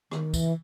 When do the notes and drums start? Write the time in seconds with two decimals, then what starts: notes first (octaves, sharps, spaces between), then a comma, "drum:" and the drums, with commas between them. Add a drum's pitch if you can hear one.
0.11 D#3, drum: rim click
0.34 E3, drum: kick, tambourine